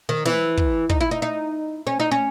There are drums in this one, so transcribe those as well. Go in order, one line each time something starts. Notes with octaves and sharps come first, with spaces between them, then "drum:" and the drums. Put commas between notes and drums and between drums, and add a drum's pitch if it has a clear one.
D#3
E3, drum: snare
drum: kick
D#4, drum: kick
E4
D#4
D#4
C#4
D#4
C#4